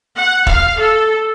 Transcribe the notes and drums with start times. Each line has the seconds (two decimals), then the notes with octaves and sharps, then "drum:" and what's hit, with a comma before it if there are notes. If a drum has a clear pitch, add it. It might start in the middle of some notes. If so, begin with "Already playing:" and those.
0.16 F#5
0.47 F5, drum: kick
0.78 A4